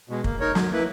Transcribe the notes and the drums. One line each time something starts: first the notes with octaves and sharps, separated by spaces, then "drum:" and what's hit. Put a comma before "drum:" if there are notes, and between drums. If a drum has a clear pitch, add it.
B2 G#3
A#3, drum: kick
D#4 A#4 C#5
F#3, drum: snare
A#3 E4 B4